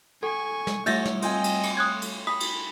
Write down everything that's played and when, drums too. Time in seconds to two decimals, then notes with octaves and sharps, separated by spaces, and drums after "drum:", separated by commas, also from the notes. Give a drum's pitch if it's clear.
0.23 A4 G#5 C#6
0.67 drum: snare
0.86 G3 A3 C#5 E5 G6 A6 A#6, drum: cymbal
1.05 drum: snare
1.22 C4 F4 D#5 G5 G#5, drum: cymbal
1.44 drum: cymbal
1.63 drum: cymbal
1.77 C#5 D#6 F#6 G#6
2.02 drum: cymbal
2.27 B5 D#6 B6
2.40 drum: cymbal